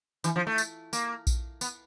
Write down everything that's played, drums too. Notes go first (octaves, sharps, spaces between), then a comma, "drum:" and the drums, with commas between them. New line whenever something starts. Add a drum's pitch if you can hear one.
E3, drum: tambourine
F3
A3
drum: tambourine
A#3, drum: tambourine
drum: kick A#1, tambourine
B3, drum: tambourine